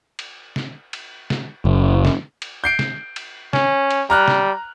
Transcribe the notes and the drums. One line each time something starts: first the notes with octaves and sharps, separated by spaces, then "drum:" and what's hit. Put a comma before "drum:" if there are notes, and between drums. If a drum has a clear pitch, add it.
drum: cymbal
drum: snare
drum: cymbal
drum: snare
F#1
drum: snare
drum: cymbal
G6 C7 D7
drum: snare
drum: cymbal
C#4, drum: snare
drum: cymbal
G3 A#5 F6 F#6
drum: snare